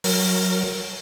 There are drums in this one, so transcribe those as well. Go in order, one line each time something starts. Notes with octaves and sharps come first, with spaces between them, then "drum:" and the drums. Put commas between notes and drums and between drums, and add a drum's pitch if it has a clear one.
F#3 A#4, drum: open hi-hat